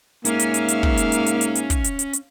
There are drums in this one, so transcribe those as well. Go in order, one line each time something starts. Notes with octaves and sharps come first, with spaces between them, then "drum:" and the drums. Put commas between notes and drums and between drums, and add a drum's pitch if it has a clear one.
G#2 A#3 C#4 E5 F5, drum: hi-hat
drum: hi-hat
drum: hi-hat
drum: hi-hat
drum: kick
drum: hi-hat
drum: hi-hat
drum: hi-hat
drum: hi-hat
drum: hi-hat
drum: kick, hi-hat
drum: hi-hat
drum: hi-hat
drum: hi-hat